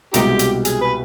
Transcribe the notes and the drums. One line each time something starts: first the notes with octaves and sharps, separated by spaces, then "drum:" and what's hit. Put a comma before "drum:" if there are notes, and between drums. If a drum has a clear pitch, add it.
C2 B2 G#3 C4 D#4 G4, drum: hi-hat
drum: hi-hat
G#4, drum: hi-hat
B4